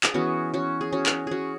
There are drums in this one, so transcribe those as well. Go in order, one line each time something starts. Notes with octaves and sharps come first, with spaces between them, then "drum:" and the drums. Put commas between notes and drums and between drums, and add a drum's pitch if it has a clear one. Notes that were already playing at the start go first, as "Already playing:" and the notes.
G#4, drum: clap
E3 B3 C#4 F#4
C#4 F#4
G#4
C#4 F#4
drum: clap
C#4 F#4 G#4